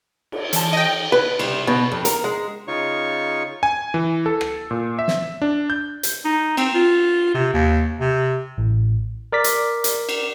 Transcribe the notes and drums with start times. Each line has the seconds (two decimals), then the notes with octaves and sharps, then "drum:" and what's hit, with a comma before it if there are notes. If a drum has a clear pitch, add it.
0.32 drum: cymbal
0.53 E3 A5, drum: hi-hat
0.73 D#5 G5
1.12 B4
1.39 C2, drum: cymbal
1.67 B2
1.92 F2
2.05 A#4, drum: hi-hat
2.24 G#3
2.68 C#3 D#4 F4 C#5 C#6
3.63 G#5
3.94 E3
4.26 A4
4.41 drum: rim click
4.71 A#2
4.99 E5
5.08 drum: snare
5.42 D4
5.70 G6
6.03 drum: hi-hat
6.25 D#4
6.57 C4, drum: cymbal
6.74 F4
7.34 C3
7.53 D#2
8.00 C3
8.58 A1
9.32 A#4 D5 D6 B6
9.44 drum: hi-hat
9.84 drum: hi-hat
10.09 drum: cymbal